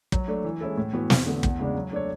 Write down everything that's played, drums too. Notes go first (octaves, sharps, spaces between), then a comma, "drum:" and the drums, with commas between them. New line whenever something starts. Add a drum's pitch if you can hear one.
F#3, drum: kick
A3 D4
E3
G#3 C#4 E4 A4
A2
E3 B3 F#4 B4
E2, drum: snare
D3 A3
E2, drum: kick
C#3 G#3 D4
F#3
A3 D4 A4 C#5